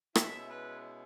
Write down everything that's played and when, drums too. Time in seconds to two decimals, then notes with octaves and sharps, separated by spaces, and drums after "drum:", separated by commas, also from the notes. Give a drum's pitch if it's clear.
0.15 B2 G#3 C#4 E4 E5, drum: rim click
0.48 B4